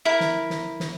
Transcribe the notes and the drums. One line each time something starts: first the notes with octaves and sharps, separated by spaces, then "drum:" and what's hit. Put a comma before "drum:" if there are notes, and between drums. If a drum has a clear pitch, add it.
E4 A#4
drum: snare
drum: snare
drum: snare